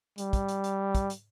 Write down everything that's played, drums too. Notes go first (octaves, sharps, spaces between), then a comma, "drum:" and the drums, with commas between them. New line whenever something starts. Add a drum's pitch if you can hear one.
G3, drum: hi-hat
drum: kick, hi-hat
drum: hi-hat
drum: hi-hat
drum: kick, hi-hat
drum: hi-hat